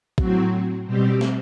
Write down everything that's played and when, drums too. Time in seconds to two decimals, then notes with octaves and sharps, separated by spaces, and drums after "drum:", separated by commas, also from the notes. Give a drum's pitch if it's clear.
0.18 A2 F#3 C4 F#4, drum: kick
0.86 B2 G3 C4 G4
1.21 drum: snare